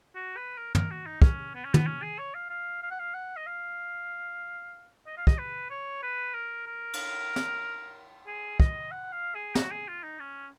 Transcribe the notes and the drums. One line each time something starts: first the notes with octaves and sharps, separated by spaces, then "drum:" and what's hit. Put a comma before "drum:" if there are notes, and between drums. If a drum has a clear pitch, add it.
F#4
B4
A#4
A#4, drum: tom
F#4
D#4
C#4, drum: kick
B3
C#4
B3, drum: tom
C#4
G#4
C#5
F5
F5
F5
F#5
F5
F#5
D#5
F5
D#5
F5
D#5, drum: kick
B4
C#5
B4
A#4
A#4
drum: cymbal
drum: snare
G#4
D#5, drum: kick
F#5
F5
G#4
F#4, drum: snare
G#4
F4
D#4
C#4